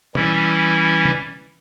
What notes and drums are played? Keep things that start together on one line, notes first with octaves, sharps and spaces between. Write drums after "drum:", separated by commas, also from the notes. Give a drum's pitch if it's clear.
E3 G3 C#4 E4, drum: tom B2
drum: tom C3